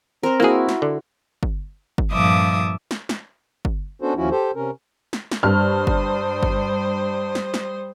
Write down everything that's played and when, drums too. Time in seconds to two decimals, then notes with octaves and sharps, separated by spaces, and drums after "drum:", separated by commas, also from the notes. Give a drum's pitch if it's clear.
0.23 C4 A#4 C5
0.40 A#3 E4 F#4 G#4
0.69 drum: snare
0.82 D3
1.43 drum: kick G1
1.98 drum: kick G1
2.12 G2 A#2 F3 E5 D6 D#6
2.91 drum: snare
3.09 drum: snare
3.65 drum: kick G1
4.02 B3 C#4 D4 F#4 A4 C5
4.16 D#2 F3 C#4 E4 F#4
4.31 G4 A4 C5
4.55 C3 C#4 A#4
5.13 drum: snare
5.31 drum: snare
5.43 G2 G3 C5 D#6 F6
5.87 drum: kick G1
6.43 drum: kick G1
7.35 drum: snare
7.54 drum: snare